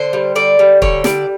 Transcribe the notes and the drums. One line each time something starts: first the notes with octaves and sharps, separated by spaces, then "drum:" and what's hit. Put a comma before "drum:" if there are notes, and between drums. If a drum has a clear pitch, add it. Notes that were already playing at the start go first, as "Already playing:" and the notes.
Already playing: D3 C5
G3
D3 D5
G3
D3 C#5, drum: kick
G3 D5, drum: snare